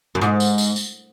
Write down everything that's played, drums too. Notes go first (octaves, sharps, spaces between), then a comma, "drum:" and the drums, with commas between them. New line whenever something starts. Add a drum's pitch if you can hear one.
F#2
G#2, drum: rim click
drum: tambourine
drum: tambourine
drum: tambourine